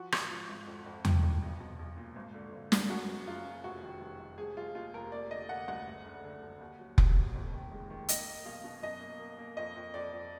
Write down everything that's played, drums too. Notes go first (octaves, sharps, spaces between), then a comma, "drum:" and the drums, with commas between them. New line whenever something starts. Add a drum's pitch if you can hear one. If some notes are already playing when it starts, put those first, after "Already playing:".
Already playing: F3 F#4
G#1, drum: rim click
F3
G#1
F2
F2
D#3, drum: tom E2
F2
B1
B1
B1
A#2
G#1
D3
G#1
F#2, drum: snare
F#2 F#4
F#1
F#1 F4
F#1
F1 F#4
D#3
F1
F1
F1 G#4
F1 F4
D#2 F4
F1 A#4
A#3 D5
D3 D#5
A#3 F#5
D2 F#5
F#1
D3
D3
F#1
D#2
F#3
F1, drum: kick F1
D#2
F2
D#3
G#3
D#3
A#3 D#5, drum: hi-hat
A#3
B1 F5
B2
F#2 D#5
A#3
A#3
A#3
F2 D#5
F2
F2 D5
F2